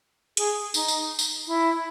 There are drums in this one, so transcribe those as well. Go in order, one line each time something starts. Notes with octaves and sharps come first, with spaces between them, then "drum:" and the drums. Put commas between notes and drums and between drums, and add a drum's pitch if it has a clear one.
G#4, drum: hi-hat
D#4, drum: tambourine
drum: tambourine
drum: tambourine
E4